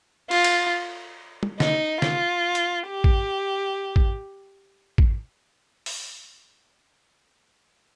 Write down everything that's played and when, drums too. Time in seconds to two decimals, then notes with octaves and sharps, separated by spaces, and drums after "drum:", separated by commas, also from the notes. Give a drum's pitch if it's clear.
0.31 F4, drum: cymbal
0.44 drum: cymbal
1.43 drum: tom
1.60 D#4, drum: snare
2.02 F4, drum: snare
2.55 drum: hi-hat
2.89 G4
3.04 drum: kick A1
3.96 drum: kick A1
4.98 drum: kick A1
5.86 drum: open hi-hat